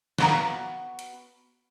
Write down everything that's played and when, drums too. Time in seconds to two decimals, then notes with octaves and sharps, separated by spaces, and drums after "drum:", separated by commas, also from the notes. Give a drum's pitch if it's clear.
0.19 B3 F#4 F5 A#5, drum: snare
0.99 drum: hi-hat